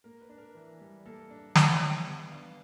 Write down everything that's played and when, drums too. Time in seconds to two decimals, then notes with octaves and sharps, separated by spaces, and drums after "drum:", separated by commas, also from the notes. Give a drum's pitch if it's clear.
0.04 A#3 A#4
0.21 B4
0.29 D4
0.38 A#4
0.55 E3
0.81 G3
1.05 A#3 A4
1.30 D4
1.56 E3 C#5, drum: snare
1.81 G3
2.06 B3
2.32 D4 F5